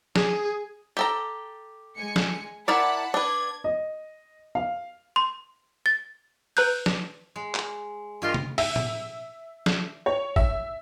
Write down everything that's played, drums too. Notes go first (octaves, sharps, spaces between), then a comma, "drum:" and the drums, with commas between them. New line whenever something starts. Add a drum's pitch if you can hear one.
G#4, drum: snare
G4 A4 A#5
G#3 G#5 C#7
drum: snare
E4 A#4 D5 F#5 A5 B5
D4 B4 G#6
D#5
F5
C6
A6
B4 A#5 F#6 G6, drum: open hi-hat
drum: snare
G#3
drum: clap
G2 F4 G4 A#4 D#5 C6
drum: tom C3
E5, drum: open hi-hat
drum: tom A2
drum: snare
C#5
E5, drum: kick